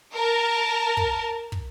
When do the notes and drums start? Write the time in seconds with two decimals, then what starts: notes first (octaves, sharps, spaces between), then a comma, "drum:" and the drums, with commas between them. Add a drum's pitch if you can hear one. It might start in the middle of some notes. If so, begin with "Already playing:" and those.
0.15 A#4 A5
0.97 drum: kick
1.52 drum: kick